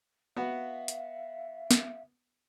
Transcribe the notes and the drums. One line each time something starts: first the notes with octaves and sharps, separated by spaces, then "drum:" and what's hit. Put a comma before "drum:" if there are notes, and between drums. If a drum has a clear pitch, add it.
B3 F#4 E5 F5
drum: hi-hat
drum: snare